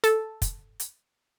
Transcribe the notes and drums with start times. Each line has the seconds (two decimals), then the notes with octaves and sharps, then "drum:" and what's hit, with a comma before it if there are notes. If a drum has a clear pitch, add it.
0.04 A4, drum: hi-hat
0.42 drum: kick, hi-hat
0.80 drum: hi-hat